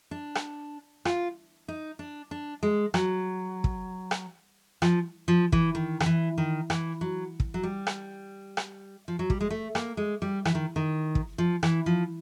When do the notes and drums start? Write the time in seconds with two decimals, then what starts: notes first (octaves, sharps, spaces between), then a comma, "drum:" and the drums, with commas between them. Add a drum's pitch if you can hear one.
0.11 D4
0.35 drum: rim click
1.05 F4, drum: rim click
1.68 D#4
1.99 D4
2.31 D4
2.63 G#3
2.94 F#3, drum: rim click
3.64 drum: kick
4.11 drum: rim click
4.82 F3, drum: rim click
5.28 F3
5.52 E3, drum: kick
5.75 D#3
6.00 D#3, drum: rim click
6.06 E3
6.38 D#3
6.70 E3, drum: rim click
7.01 F#3
7.40 drum: kick
7.54 F#3
7.63 G3
7.87 drum: rim click
8.57 drum: rim click
9.08 F3
9.19 F#3
9.30 G3, drum: kick
9.41 G#3
9.50 A3
9.75 A#3, drum: rim click
9.97 G#3
10.22 G3
10.45 E3, drum: rim click
10.55 D#3
10.76 D#3
11.15 drum: kick
11.38 F3
11.63 E3, drum: rim click
11.86 F3